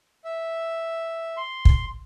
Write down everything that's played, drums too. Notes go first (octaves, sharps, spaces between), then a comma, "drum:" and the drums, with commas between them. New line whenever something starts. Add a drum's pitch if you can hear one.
E5
C6
drum: kick